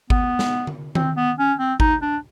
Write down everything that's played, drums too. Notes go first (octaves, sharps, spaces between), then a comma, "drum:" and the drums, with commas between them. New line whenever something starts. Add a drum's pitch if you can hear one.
B3, drum: kick G#1
drum: snare
drum: tom D3
C4, drum: tom D#3
B3
C#4
C4
D#4, drum: kick G#1
D4